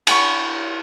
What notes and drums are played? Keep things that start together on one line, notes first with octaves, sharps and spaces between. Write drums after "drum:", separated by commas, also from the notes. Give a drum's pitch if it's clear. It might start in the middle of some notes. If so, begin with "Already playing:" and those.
F#5 G#5 B5 C#6, drum: cymbal